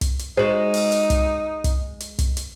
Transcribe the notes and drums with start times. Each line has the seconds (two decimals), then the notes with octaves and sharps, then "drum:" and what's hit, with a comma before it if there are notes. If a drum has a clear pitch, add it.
0.01 drum: kick, hi-hat
0.19 drum: hi-hat
0.37 G#3 D#4 F#4 C5
0.74 drum: open hi-hat
0.92 drum: hi-hat
1.10 drum: kick, hi-hat
1.64 drum: kick, hi-hat
2.00 drum: hi-hat
2.19 drum: kick, hi-hat
2.37 drum: hi-hat